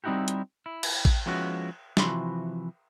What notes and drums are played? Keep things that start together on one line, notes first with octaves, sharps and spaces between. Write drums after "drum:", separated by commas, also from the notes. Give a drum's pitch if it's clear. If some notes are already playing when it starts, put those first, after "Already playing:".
G3 C4 D#4 E4 F#4 G4
drum: hi-hat
E4
drum: cymbal
drum: kick A1
F3 G#3 B3 C#4 E4 F#4
C3 E3 F3 F#4 B5 C6, drum: snare